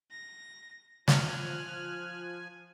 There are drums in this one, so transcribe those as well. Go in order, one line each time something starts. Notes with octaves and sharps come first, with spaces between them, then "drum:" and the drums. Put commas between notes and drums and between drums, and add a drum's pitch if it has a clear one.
A#6
F3 G#5 F6 F#6, drum: snare